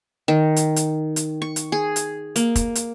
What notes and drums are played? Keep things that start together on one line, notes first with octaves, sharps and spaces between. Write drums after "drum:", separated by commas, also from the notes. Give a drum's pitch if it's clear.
D#3
drum: hi-hat
drum: hi-hat
drum: hi-hat
C#6
drum: hi-hat
G#4
drum: hi-hat
A#3, drum: hi-hat
drum: kick, hi-hat
drum: hi-hat